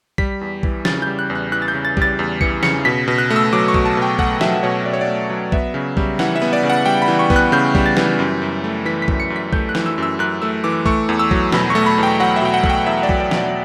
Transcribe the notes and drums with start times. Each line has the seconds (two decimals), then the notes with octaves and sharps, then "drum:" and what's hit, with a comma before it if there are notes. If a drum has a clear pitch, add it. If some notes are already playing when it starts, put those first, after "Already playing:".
0.18 G3 B6, drum: kick
0.41 E2
0.63 E3, drum: kick
0.85 C#3 A6, drum: snare
1.02 G3 G6
1.19 F#6
1.30 E2
1.35 F#6
1.52 E3 F#6
1.62 A6
1.68 G6
1.74 C#3
1.85 A6
1.97 G3 A6, drum: kick
2.19 E2
2.41 E3 C#7, drum: kick
2.63 C#3 C#7, drum: snare
2.85 B2 B6
3.08 B2
3.18 F#6
3.30 A3
3.36 E6
3.53 F#3 D6
3.68 C#6
3.74 B2, drum: kick
3.85 A5
3.97 B2
4.02 G5
4.19 A3 F#5, drum: kick
4.41 F#3 E5, drum: snare
4.63 B2 C#5
4.85 B2 D5
4.93 C#5
5.01 D5
5.08 A3
5.30 F#3
5.52 B3 E5, drum: kick
5.74 C#3
5.97 G3, drum: kick
6.19 E3 F#5, drum: snare
6.36 E5
6.42 B3
6.53 D5
6.63 C#3
6.70 F#5
6.86 G3 G5
7.02 B5
7.08 E3
7.19 C#6
7.30 B3, drum: kick
7.36 F#6
7.52 C#3 G6
7.75 G3, drum: kick
7.86 A6
7.97 E3, drum: snare
8.19 F#2
8.42 F#2
8.64 A3
8.85 E3 B6
9.02 B6
9.08 F#2, drum: kick
9.20 C#7
9.30 F#2
9.36 B6
9.53 A3 G6, drum: kick
9.69 F#6
9.75 E3, drum: snare
9.86 E6
9.98 F#2 E6
10.19 F#2 F#6
10.42 A3 E6
10.64 E3 D6
10.86 A3 C#6, drum: kick
11.09 E2
11.19 E6
11.31 F#3, drum: kick
11.53 B2 B5, drum: snare
11.70 A3 C#6
11.86 B5
11.98 E2 G5
12.20 F#3 F#5
12.36 E5
12.42 B2 G5
12.54 F#5
12.64 A3, drum: kick
12.70 G5
12.86 E2 E5
13.03 D5
13.09 F#3, drum: kick
13.20 D5
13.31 B2, drum: snare
13.37 D5